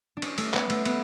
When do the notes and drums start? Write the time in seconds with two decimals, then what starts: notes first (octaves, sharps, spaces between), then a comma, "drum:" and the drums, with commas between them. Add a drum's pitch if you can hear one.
0.17 D4
0.22 C#4, drum: cymbal
0.38 A3, drum: cymbal
0.54 B3, drum: clap
0.70 A3, drum: cymbal
0.85 B3, drum: cymbal